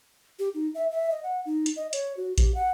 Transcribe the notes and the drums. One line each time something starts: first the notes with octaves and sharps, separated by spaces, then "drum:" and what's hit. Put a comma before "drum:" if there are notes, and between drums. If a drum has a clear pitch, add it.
G4
D#4
E5
E5
D#5
F#5
D#4
drum: hi-hat
D#5
C#5, drum: hi-hat
F#4
G4, drum: kick A#1, hi-hat
F#5